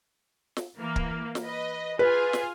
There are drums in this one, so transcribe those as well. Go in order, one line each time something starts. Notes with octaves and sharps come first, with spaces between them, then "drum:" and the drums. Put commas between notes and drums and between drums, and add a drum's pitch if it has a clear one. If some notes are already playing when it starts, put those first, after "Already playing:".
drum: snare
E3 A#3
drum: kick
drum: snare
B4 D#5
F4 G#4 B4 G#5
drum: snare